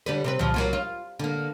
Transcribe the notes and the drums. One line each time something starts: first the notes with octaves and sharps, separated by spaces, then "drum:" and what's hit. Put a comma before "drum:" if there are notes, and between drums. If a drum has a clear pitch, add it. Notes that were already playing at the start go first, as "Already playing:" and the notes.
D3 G3 B4
C3 C4 B4
A#2 F3, drum: tom C2
F#3 A#3 F4
F4
D3 A#3